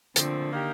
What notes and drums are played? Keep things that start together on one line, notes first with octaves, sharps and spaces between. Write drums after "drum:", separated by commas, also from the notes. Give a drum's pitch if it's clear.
A#2 D3 F3 A3 C4, drum: hi-hat
D#3 A#3 D#4 G4